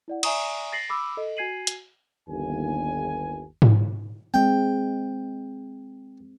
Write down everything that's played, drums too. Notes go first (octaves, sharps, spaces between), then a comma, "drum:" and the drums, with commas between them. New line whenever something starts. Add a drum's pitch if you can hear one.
E4 D5 F#5
D5 E5 G#5 A#5 C#6 D#6, drum: cymbal
A6 A#6 C7 F#7
B5 D6 E6
A4 D#5
F#4 G#5 G#6 C7 D#7 F#7
drum: hi-hat
G1 D#2 G#5
drum: tom G#2
G#3 C4 G5